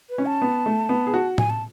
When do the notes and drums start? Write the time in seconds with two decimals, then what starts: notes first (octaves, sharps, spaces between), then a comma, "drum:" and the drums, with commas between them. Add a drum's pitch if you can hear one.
0.10 B4
0.18 C#4
0.26 A5
0.42 B3
0.66 A3
0.89 B3
1.07 G#4
1.14 F#4
1.38 G#5, drum: tom A2
1.50 A5